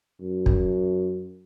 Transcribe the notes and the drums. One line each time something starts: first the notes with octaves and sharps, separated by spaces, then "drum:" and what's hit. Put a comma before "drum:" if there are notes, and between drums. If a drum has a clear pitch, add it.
F#2
drum: kick